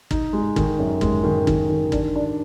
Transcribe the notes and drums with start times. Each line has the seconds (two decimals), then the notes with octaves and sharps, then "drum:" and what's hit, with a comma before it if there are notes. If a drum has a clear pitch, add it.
0.11 D#4, drum: kick
0.33 G#3
0.56 D#3, drum: kick
0.79 F#2
1.01 G#3, drum: kick
1.24 D#3
1.47 D#3, drum: kick
1.70 D#3
1.92 D4, drum: kick
2.16 D4